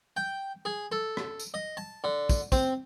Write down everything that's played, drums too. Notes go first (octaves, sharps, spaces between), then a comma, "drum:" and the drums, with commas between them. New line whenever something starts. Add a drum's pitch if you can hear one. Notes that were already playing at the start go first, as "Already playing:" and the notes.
G5
G#4
A4
drum: rim click
drum: tambourine
D#5
A5
D3
drum: kick, tambourine
C4, drum: kick, tambourine